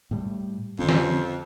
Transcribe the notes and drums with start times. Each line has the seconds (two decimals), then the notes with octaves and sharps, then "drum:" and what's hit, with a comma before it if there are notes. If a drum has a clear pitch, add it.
0.11 A2 G3
0.79 F2 D3 C4 C#4
0.89 drum: snare